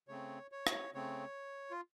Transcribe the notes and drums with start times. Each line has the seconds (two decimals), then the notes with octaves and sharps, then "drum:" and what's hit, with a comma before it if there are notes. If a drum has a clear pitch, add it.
0.08 C#3 A3 C4 C#5
0.52 C#5
0.67 drum: rim click
0.95 C#3 A3 C4 C#5
1.71 F4